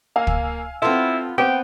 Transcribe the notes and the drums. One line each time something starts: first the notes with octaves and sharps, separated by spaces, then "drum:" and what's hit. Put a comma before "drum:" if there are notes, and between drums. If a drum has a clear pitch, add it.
A#3 F5 G#5 E6
drum: kick
B3 C4 E4 F4 A4
B3 C4 C5 G5